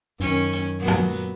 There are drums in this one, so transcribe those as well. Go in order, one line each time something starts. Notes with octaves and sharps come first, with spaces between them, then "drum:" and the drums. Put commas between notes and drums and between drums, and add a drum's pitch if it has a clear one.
F#2 D#3 C#4
A#2 F#3 B3
drum: tom F#2